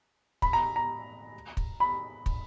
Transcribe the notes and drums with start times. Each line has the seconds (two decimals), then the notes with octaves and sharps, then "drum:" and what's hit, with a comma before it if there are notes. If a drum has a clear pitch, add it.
0.42 B5, drum: kick
0.53 A#5
0.76 A#5
1.57 drum: kick
1.80 B5
2.26 drum: kick